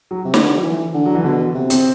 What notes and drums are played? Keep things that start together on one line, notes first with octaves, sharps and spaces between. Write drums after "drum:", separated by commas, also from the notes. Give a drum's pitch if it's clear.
F#3
C3
D3, drum: snare
F#3
E3
D3
F#3
E3
B2 D3
C3
C4, drum: hi-hat